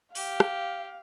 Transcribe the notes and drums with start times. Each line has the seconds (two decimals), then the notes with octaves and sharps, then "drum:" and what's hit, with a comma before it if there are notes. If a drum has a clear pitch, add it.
0.15 G4 F5, drum: open hi-hat
0.40 drum: rim click